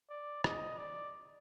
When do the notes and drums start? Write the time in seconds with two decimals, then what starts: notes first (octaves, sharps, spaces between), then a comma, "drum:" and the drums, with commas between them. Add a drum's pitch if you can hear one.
0.10 D5
0.44 D#5, drum: rim click
0.77 D5